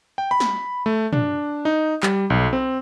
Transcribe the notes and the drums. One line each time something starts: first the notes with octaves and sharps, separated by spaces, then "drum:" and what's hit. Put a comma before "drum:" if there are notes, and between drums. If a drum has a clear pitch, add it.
G5
B5
drum: snare
A3
D4, drum: tom
D#4
G3, drum: clap
B1
C4